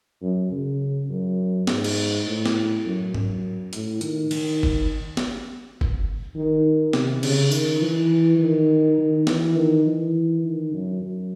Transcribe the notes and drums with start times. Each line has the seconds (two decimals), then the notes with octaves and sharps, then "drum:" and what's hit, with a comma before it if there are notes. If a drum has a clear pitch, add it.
0.22 F#2
0.52 C#3
1.10 F#2
1.67 G#2, drum: snare
1.84 drum: cymbal
2.26 A2
2.46 drum: snare
2.85 F#2
3.14 F#2, drum: tom G#2
3.73 A2, drum: hi-hat
4.01 D#3, drum: hi-hat
4.31 D#3, drum: cymbal
4.63 drum: kick F#1
5.17 drum: snare
5.81 drum: kick F#1
6.36 D#3
6.93 C3, drum: snare
7.23 C#3, drum: cymbal
7.51 D#3, drum: tambourine
7.81 E3
8.39 D#3
8.98 D#3
9.27 E3, drum: snare
9.56 D#3
9.86 E3
10.44 D#3
10.73 F#2
11.03 F#2